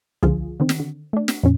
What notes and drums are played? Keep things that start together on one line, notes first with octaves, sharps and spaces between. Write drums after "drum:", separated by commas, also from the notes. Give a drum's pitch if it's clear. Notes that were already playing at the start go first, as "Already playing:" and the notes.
C#2 D3 F3 F4 G#4, drum: kick
D3 D#3 C4
drum: snare
D3
A3 D4
drum: snare
F2 A#2 C#4